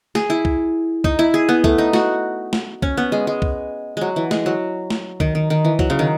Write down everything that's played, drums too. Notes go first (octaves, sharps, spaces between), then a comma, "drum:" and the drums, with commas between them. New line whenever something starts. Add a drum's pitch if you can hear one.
G#4, drum: snare
E4
drum: kick C2
D#4, drum: kick C2
E4
G#4
B3
A3, drum: kick C2
D#4
F#4, drum: snare
drum: snare
C#4, drum: kick C2
B3
G#3
G#3
drum: kick C2
F#3 G#3
E3
G#3, drum: snare
F#3
drum: snare
D#3, drum: kick C2
D#3
D#3
E3
F#3, drum: kick C2
C#3
D#3